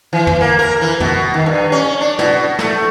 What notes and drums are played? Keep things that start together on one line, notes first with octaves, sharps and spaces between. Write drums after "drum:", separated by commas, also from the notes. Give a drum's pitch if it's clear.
E3
drum: tom
A#3
A#4
E3
B2, drum: tom
D#3
G2
C#4
D4
B2, drum: snare
A3, drum: snare